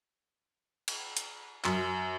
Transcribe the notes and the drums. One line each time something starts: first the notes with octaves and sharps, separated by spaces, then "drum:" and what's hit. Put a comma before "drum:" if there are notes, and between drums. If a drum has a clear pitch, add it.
drum: cymbal
drum: hi-hat
F#2, drum: clap